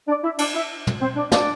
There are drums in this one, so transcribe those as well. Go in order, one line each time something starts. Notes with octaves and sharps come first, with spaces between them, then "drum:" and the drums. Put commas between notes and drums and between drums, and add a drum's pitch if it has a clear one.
D4 D5
E4 E5
D4 D5, drum: cymbal
E4 E5
drum: tom
C4 C5
D4 D5
D4 D5, drum: snare